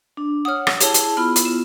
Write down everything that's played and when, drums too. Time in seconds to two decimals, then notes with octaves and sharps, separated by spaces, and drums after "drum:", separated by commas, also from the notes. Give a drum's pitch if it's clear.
0.17 D4
0.45 C#5 F#5 D#6 F6
0.67 drum: rim click
0.80 E4 G4 G#4 C#5 A5 G7, drum: hi-hat
0.94 drum: hi-hat
1.17 B3 E4 F4 B5 F6
1.36 drum: hi-hat
1.45 E7